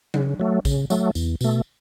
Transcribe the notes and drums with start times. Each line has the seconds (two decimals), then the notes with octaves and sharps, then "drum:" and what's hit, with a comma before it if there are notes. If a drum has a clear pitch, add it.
0.14 C#3, drum: tom F#3
0.40 F#3 A3
0.65 C#3, drum: kick A#1, tambourine
0.90 F#3 A3, drum: tambourine
1.15 E2, drum: tambourine
1.41 B2 A3, drum: tambourine